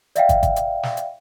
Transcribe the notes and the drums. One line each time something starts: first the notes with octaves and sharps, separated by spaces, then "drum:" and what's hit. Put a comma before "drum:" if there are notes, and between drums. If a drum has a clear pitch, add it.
D5 E5 F5 G5, drum: hi-hat
drum: kick, hi-hat
drum: kick, hi-hat
drum: hi-hat
drum: snare
drum: hi-hat